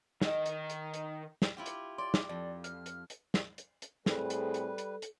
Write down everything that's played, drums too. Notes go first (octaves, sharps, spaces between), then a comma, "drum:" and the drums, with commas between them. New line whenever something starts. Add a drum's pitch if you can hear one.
D#3 D#5, drum: snare
drum: hi-hat
drum: hi-hat
drum: hi-hat
drum: snare
E4 F4 G4
drum: hi-hat
D5 C6
drum: snare
F2 D5
F6, drum: hi-hat
drum: hi-hat
drum: hi-hat
drum: snare
drum: hi-hat
drum: hi-hat
A2 G3 C4 G#4 A4 B4, drum: snare
drum: hi-hat
drum: hi-hat
drum: hi-hat
drum: hi-hat